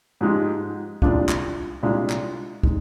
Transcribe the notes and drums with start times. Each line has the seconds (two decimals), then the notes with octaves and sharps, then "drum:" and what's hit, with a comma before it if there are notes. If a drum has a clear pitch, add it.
0.21 G#2 F3 G#3 D#4 G4
1.02 C2 A#2 G#3 D4 F4, drum: kick
1.29 drum: clap
1.83 C2 A#2 G#3 D4 F4
2.10 drum: clap
2.63 G#3 D#4, drum: kick